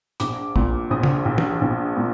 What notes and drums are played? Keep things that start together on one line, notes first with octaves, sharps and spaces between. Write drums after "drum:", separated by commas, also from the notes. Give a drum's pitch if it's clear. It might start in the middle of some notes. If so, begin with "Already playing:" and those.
A#1 D6, drum: hi-hat
A#2, drum: kick
A#1 D#6
drum: tom
A#1
drum: tom
A#1
A#2